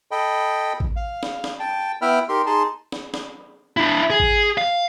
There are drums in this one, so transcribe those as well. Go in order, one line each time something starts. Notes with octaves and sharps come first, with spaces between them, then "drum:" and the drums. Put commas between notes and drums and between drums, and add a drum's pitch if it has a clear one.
A4 D#5 G5 B5
drum: kick A1
F5
drum: snare
drum: snare
G5 A5
B3 E4 E5 G5 B5 F6
D#4 G4 A#4 C6
D#4 G#4 A5 C6
drum: snare
drum: snare
D4 E4
G#4
drum: kick A1
F5